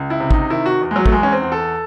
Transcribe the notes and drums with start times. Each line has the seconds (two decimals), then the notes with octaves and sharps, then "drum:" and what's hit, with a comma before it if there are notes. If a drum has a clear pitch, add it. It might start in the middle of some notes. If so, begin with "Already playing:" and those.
Already playing: C#2
0.10 E4
0.20 C3
0.31 D#4, drum: kick
0.50 D#3 E4
0.66 F#4
0.82 E2
0.91 G#3
0.96 F#3
1.06 A3, drum: kick
1.11 E2 G#3
1.23 C#4
1.32 C4
1.42 E2
1.52 A4